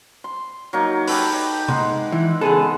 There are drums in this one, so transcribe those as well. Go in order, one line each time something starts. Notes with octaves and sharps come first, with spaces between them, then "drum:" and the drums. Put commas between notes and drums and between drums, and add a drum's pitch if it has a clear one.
C6
F#3 A#3 D#4
G4 A4 B4, drum: open hi-hat
G#3 D#4 F#5, drum: tom
E3
C#2 B3 G#4 A4